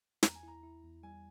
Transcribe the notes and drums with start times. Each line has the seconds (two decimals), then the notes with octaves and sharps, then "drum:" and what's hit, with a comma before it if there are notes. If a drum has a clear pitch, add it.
0.23 E2 A#5, drum: snare
0.35 G#5
0.43 E4 A#5
0.63 E4
0.84 E2
1.03 G3 G#5